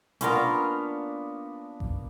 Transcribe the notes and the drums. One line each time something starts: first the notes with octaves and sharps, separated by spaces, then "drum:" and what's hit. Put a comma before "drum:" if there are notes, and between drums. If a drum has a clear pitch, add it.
A#3 B3 C#4 D4 F4 A#4, drum: hi-hat
drum: kick A1